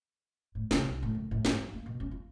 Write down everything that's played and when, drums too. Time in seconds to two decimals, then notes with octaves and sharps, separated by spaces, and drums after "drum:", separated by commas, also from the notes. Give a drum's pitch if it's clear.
0.55 A2
0.71 C3, drum: snare
0.84 C2
1.03 A2
1.15 F#1
1.31 A2
1.45 G#2, drum: snare
1.59 F3
1.73 A#3
1.86 B2
2.00 C#4
2.11 F4